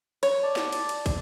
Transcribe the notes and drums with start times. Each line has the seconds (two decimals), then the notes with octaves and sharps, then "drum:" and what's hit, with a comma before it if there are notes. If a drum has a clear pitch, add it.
0.23 C#5, drum: cymbal
0.43 D5 A5
0.56 drum: snare
0.73 drum: cymbal
0.89 drum: cymbal
1.06 drum: kick, cymbal